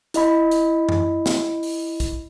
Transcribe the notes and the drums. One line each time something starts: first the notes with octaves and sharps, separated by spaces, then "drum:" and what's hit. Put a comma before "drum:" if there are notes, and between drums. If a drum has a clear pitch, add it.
E4 D#5 B5, drum: hi-hat
drum: hi-hat
drum: tom F#2
drum: snare
drum: open hi-hat
drum: kick, hi-hat